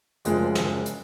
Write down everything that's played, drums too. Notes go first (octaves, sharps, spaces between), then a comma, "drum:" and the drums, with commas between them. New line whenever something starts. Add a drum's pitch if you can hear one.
F#1 F3 G#3, drum: hi-hat
drum: snare
drum: hi-hat